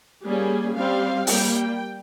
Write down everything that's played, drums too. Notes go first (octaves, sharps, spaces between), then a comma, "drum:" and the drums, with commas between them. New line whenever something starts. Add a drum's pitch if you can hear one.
G3 A#3 C#4 G#4
G3 C4 F5
G3 A#3 G5, drum: open hi-hat